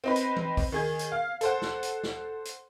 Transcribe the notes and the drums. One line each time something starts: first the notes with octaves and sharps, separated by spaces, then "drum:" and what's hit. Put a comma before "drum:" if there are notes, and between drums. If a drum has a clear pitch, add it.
C4 D#4 B4
drum: hi-hat
drum: tom E3
drum: kick, open hi-hat
D#3 G#4 G#6
drum: hi-hat
F5
A4 C5 F#5, drum: hi-hat
drum: snare
drum: hi-hat
drum: snare
drum: hi-hat